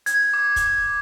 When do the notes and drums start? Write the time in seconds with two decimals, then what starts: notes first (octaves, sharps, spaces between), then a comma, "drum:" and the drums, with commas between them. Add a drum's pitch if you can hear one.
0.06 G#6, drum: hi-hat
0.34 D6
0.56 drum: kick, hi-hat